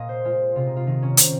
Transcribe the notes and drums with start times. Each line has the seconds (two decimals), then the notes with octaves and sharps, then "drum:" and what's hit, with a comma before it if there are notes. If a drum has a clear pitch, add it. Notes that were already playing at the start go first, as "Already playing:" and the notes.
Already playing: A#2 D#5 F5
0.09 C5
0.25 G#3 F4
0.55 C3 F4
0.66 D#4
0.76 F4
0.86 D#3 D#4
1.02 C#4
1.17 C3 C4, drum: hi-hat